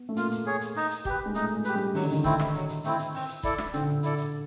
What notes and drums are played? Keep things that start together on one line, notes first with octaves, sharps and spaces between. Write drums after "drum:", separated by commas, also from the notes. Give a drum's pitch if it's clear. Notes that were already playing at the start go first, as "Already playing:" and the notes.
Already playing: B3
A3
A#3 F4, drum: hi-hat
drum: hi-hat
G#4 C#5
drum: hi-hat
D#4, drum: open hi-hat
drum: hi-hat
G4 B4, drum: kick
G#3
A3 D#4, drum: hi-hat
G#3
G4 B4, drum: hi-hat
G3
D#3 F#3, drum: open hi-hat
D3
D#3, drum: hi-hat
A3 C4 E4, drum: kick, hi-hat
drum: snare
F#3, drum: hi-hat
drum: hi-hat
A3 C4 E4, drum: hi-hat
drum: hi-hat
C4, drum: open hi-hat
drum: hi-hat
E4 A4 D5, drum: kick, hi-hat
drum: snare
D3 C4, drum: hi-hat
E4 A4 D5, drum: hi-hat
drum: hi-hat